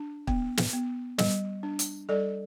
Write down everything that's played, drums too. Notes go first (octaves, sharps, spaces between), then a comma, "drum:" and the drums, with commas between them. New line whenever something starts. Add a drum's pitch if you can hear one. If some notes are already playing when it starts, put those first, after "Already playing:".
Already playing: D4
B3, drum: kick
drum: snare
B3
G3, drum: snare
D4
drum: hi-hat
G3 A4 D5